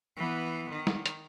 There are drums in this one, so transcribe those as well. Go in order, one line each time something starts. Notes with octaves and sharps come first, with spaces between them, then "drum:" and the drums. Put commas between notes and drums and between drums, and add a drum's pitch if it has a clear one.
E3 B3
D#3
drum: snare
drum: hi-hat